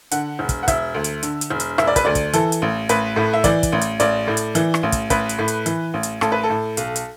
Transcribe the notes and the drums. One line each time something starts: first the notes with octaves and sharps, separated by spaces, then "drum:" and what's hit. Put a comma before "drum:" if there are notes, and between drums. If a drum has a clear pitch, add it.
D3 F#5, drum: hi-hat
E1
drum: kick, hi-hat
F#5
E1 E5, drum: kick, hi-hat
D2
drum: hi-hat
D3, drum: hi-hat
drum: hi-hat
E1
drum: hi-hat
E1 E5, drum: rim click
D5
B4, drum: kick, hi-hat
D2 D5
drum: kick, hi-hat
E3 A4, drum: hi-hat
drum: hi-hat
A1
A1 B4, drum: hi-hat
A2
E5
E3 D5, drum: kick, hi-hat
drum: kick, hi-hat
A1
drum: hi-hat
A1 D5, drum: hi-hat
A2
drum: hi-hat
E3, drum: hi-hat
drum: rim click
A1
drum: kick, hi-hat
A1 B4, drum: kick, hi-hat
drum: hi-hat
A2
drum: hi-hat
E3, drum: hi-hat
A1
drum: hi-hat
A1 A4, drum: rim click
B4
A4
A2
B1, drum: hi-hat
drum: hi-hat